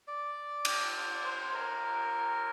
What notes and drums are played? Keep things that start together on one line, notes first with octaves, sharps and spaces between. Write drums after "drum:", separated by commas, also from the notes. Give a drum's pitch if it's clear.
D5
drum: cymbal
D5
C5
A#4